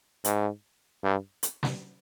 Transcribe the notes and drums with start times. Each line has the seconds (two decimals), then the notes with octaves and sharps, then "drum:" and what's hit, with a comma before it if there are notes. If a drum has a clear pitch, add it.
0.24 G#2, drum: hi-hat
1.04 G2
1.43 drum: hi-hat
1.63 drum: snare